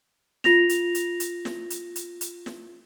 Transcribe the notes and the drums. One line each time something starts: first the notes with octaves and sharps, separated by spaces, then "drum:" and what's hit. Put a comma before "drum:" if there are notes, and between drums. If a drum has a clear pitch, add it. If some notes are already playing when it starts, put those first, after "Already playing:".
F4 A#6 F7, drum: snare
drum: hi-hat
drum: hi-hat
drum: hi-hat
drum: snare
drum: hi-hat
drum: hi-hat
drum: hi-hat
drum: snare